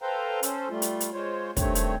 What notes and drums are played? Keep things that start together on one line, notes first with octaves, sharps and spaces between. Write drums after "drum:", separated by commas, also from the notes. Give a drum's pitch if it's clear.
A4 B4 C5 F5 G5 A#5
C#4 A4 C5, drum: hi-hat
G3 A3 F4
drum: hi-hat
drum: hi-hat
G#3 F4 C5 C#5
G2 D#3 A3 C4 C#5, drum: kick, hi-hat
drum: hi-hat